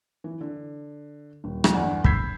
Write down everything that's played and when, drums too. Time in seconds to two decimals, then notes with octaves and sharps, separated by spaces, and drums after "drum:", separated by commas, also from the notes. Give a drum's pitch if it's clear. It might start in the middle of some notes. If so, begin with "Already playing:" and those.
0.24 E3
0.41 D3
1.44 D#1
1.64 drum: rim click
1.73 G1 E2 D3 D5 F#5 G#5
2.04 B5 E6 G6 G#6 B6 C7, drum: kick